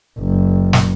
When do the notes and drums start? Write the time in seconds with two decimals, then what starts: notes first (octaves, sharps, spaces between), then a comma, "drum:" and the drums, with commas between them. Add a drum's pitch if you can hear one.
0.19 F#1
0.73 drum: snare